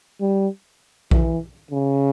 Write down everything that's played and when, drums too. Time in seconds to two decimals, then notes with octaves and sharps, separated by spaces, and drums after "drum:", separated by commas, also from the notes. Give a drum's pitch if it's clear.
0.21 G3
1.11 E3, drum: kick A#1
1.71 C#3